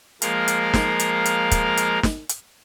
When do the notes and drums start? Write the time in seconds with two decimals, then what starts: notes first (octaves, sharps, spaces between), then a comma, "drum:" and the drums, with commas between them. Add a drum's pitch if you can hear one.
0.22 F3 G#3 A#3 A#4 F5, drum: hi-hat
0.48 drum: hi-hat
0.74 drum: snare
1.00 drum: hi-hat
1.25 drum: hi-hat
1.51 drum: kick, hi-hat
1.77 drum: hi-hat
2.03 drum: snare
2.29 drum: hi-hat